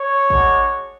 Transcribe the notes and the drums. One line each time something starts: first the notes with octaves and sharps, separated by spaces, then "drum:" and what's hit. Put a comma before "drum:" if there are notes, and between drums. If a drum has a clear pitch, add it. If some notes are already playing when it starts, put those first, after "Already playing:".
Already playing: C#5
G#3 D4 F#4, drum: kick